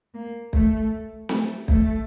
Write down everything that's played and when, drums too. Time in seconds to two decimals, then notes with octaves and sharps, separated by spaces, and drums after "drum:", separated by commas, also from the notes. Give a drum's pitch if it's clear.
0.14 A#3
0.53 A3, drum: kick
1.29 A3, drum: snare
1.68 A3, drum: kick